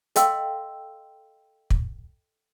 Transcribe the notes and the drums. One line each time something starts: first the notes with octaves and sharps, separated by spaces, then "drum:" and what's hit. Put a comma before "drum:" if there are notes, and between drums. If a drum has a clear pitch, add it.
A4 D#5 F5 G5 C6 E6, drum: hi-hat
drum: kick